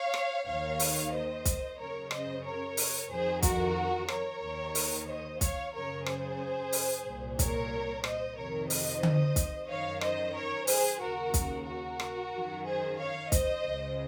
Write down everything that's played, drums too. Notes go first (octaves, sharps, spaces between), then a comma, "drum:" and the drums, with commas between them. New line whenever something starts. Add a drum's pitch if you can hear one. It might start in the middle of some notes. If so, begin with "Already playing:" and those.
Already playing: C#5 F5
drum: rim click
D#2 D#3 C#5 F5
drum: open hi-hat
C5 D#5
drum: kick, hi-hat
F#2 C#3 A#4 C#5
C5 D#5, drum: rim click
A#4 C#5
drum: open hi-hat
F2 D#3 G#4 C5
F#4 A#4, drum: kick, hi-hat
A#4 C#5, drum: rim click
D#2 D#3
drum: open hi-hat
C5 D#5
C#5 F5, drum: kick, hi-hat
F#2 C#3 A#4 C#5
G#4 C5, drum: rim click
drum: open hi-hat
C2 A#2
A#4 C#5, drum: kick, hi-hat
C5 D#5, drum: rim click
F2 C3 D#3 A#4 C#5
C5 D#5, drum: open hi-hat
drum: tom D3
drum: kick, hi-hat
F#2 D#3 C#5 F5
C5 D#5, drum: rim click
A#4 C#5
G#4 C5, drum: open hi-hat
D#2 C#3 F#4 A#4
drum: kick, hi-hat
F#4 A#4
drum: rim click
F#2 D#3
G#4 C5
C#5 F5
C5 D#5, drum: kick, hi-hat
C#2 C#3